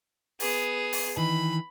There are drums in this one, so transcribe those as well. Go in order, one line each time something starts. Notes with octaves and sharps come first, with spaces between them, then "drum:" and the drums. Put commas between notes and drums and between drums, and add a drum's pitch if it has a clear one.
B3 G#4, drum: open hi-hat
drum: open hi-hat
D#3 E3 B5